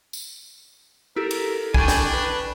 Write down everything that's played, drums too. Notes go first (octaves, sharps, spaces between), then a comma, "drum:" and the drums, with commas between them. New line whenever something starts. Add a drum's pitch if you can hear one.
drum: tambourine
E4 G4 A4 A#4
drum: cymbal
D4 G5 G#5 B5 C#6, drum: kick
drum: snare
B4